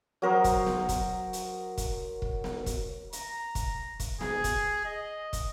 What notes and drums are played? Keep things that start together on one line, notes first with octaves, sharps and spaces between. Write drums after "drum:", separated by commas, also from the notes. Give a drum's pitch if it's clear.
F#3 A#4 C5 D#6
drum: kick, hi-hat
drum: snare B3
drum: kick, hi-hat
drum: hi-hat
drum: kick, hi-hat
drum: kick
drum: snare B3
drum: kick, hi-hat
A#5, drum: hi-hat
drum: kick, hi-hat
drum: kick, hi-hat
G#4, drum: snare B3
drum: kick, hi-hat
D#5
drum: kick, hi-hat